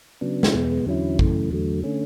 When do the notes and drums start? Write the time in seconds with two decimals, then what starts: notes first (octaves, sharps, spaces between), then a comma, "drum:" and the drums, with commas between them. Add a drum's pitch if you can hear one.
0.21 C#3 F#3 B3 D4
0.43 drum: snare
0.54 E2 B2 G#3 B3
0.86 E2 D3 F#3 C#4 E4
1.19 F#2 C#3 E3 A3, drum: kick A1
1.51 E2 D3 F#3 A3
1.84 D3 A3 C#4